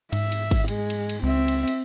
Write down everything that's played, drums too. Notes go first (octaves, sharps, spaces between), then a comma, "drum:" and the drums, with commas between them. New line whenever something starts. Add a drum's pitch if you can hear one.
G#2 E5, drum: cymbal
drum: cymbal
drum: kick, cymbal
G#3, drum: cymbal
drum: cymbal
drum: cymbal
C#2 C4 E5
drum: cymbal
drum: cymbal